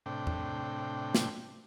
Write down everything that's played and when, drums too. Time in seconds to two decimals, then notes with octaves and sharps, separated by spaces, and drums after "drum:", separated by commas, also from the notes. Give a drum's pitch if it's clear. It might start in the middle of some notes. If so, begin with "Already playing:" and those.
0.06 A2 C3 D4 G5
0.27 drum: tom E2
1.15 drum: snare